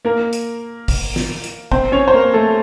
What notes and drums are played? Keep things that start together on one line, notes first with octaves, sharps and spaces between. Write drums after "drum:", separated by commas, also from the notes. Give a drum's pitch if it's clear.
A#3 A#4
drum: hi-hat
drum: kick G#1, open hi-hat
drum: snare
drum: hi-hat
C4 C5, drum: kick G#1
C#4 C#5
C5
A#3 A#4
A3 A4